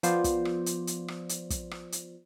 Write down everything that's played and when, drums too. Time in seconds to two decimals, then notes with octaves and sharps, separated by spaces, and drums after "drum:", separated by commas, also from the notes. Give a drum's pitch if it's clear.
0.03 F3 B3 F4 C5 D5, drum: hi-hat
0.24 drum: kick, hi-hat
0.45 drum: rim click
0.66 drum: hi-hat
0.87 drum: hi-hat
1.08 drum: rim click
1.29 drum: hi-hat
1.50 drum: kick, hi-hat
1.71 drum: rim click
1.92 drum: hi-hat